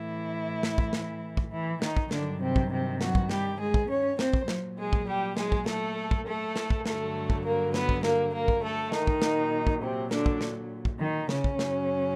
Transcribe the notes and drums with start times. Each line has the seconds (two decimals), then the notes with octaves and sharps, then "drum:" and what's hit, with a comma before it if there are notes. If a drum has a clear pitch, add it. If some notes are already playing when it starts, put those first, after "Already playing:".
Already playing: A2 E3 E4
0.63 drum: snare
0.78 drum: kick
0.93 drum: snare
1.37 drum: kick
1.52 E3 E4
1.82 D#3 D#4, drum: snare
1.97 drum: kick
2.11 G2 D3 D#3 F#3 D4, drum: snare
2.41 C3 C4
2.56 drum: kick
2.71 C3 C4
3.01 F#3 F#4, drum: snare
3.15 drum: kick
3.29 G3 G4, drum: snare
3.59 G#3 G#4
3.74 drum: kick
3.89 C#4 C#5
4.19 C4 C5, drum: snare
4.33 drum: kick
4.48 A#2 F#3, drum: snare
4.77 G#3 G#4
4.93 drum: kick
5.08 G3 G4
5.37 G#3 G#4, drum: snare
5.52 drum: kick
5.66 A3 A4, drum: snare
6.11 drum: kick
6.26 A3 A4
6.56 drum: snare
6.70 drum: kick
6.86 G2 D3 F#3 A3 A4, drum: snare
7.30 drum: kick
7.44 A#3 A#4
7.74 B3 B4, drum: snare
7.89 drum: kick
8.03 A#3 A#4, drum: snare
8.33 A#3 A#4
8.48 drum: kick
8.62 A3 A4
8.92 D#3 D#4, drum: snare
9.07 drum: kick
9.22 A#2 F#3, drum: snare
9.67 drum: kick
9.81 C3 C4
10.11 D3 D4, drum: snare
10.26 drum: kick
10.41 drum: snare
10.85 drum: kick
10.99 D#3 D#4
11.29 C#3 C#4, drum: snare
11.44 drum: kick
11.59 F#2 C#3 F#3, drum: snare